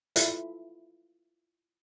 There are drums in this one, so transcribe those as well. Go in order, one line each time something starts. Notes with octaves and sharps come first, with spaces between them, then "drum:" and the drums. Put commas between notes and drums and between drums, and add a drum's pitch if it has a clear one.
E4 F4 A4 E5, drum: hi-hat